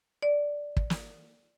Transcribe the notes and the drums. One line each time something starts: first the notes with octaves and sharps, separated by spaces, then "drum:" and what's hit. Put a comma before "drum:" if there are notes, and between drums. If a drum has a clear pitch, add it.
D5
drum: kick
drum: snare